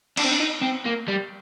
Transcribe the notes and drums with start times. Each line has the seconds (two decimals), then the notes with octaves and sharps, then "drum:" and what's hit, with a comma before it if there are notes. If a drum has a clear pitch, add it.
0.17 D4, drum: cymbal
0.24 C4
0.31 D4
0.39 D#4
0.62 C4
0.86 A#3
1.08 G3